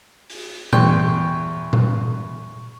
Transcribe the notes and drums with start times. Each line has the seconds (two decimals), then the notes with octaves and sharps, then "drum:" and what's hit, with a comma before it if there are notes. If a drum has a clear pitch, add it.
0.30 drum: open hi-hat
0.73 E2 G5 C6 C#6, drum: tom A#2
1.73 drum: tom A#2